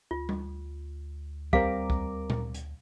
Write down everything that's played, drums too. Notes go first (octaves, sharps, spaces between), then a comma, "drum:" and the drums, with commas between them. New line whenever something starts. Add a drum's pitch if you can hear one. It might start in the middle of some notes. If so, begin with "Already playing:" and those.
D2 F4
drum: tom G3
G3 C4 A#4 F5 A#5 D6, drum: kick C2
drum: kick C2
drum: tom A#2
drum: hi-hat